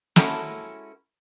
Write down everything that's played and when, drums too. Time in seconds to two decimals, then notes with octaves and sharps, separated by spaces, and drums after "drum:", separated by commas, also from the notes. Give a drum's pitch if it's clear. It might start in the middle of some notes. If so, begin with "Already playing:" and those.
0.16 G#3 C#4 E4 F#4 A4 A#4, drum: snare